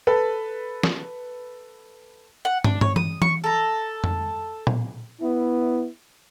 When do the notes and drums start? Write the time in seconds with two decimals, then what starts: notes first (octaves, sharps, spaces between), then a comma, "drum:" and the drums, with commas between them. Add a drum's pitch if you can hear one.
0.07 A4 B4
0.83 drum: snare
2.45 F#5
2.64 D4, drum: tom
2.81 C#5, drum: tom
2.96 D#6, drum: tom E3
3.22 C#6, drum: tom E3
3.44 A4 A#5
4.04 drum: tom F2
4.67 drum: tom A#2
5.21 B3 E4